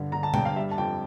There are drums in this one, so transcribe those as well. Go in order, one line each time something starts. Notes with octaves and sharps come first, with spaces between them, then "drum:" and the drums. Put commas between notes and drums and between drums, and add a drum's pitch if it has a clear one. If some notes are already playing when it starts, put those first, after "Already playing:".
Already playing: G2 D3
D3 A#5
A5
G2 G5, drum: tom B2
F5
G3 E5
A5
F2 G5